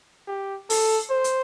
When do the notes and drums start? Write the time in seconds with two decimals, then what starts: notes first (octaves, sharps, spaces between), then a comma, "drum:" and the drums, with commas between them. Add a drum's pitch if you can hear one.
0.27 G4
0.70 A4, drum: open hi-hat
1.10 C5
1.24 drum: hi-hat